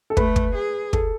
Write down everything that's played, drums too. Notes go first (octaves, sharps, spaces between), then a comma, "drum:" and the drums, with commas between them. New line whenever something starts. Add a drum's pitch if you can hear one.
A4
A3 B4, drum: kick
drum: kick
G#4
A4, drum: kick